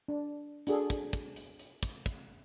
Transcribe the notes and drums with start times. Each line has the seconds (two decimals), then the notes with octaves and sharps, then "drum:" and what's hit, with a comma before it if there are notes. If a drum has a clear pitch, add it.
0.08 D4
0.67 D4 F#4 G#4 A4, drum: hi-hat
0.90 drum: kick, hi-hat
1.13 drum: kick, hi-hat
1.36 drum: hi-hat
1.59 drum: hi-hat
1.83 drum: kick, hi-hat
2.06 drum: kick, hi-hat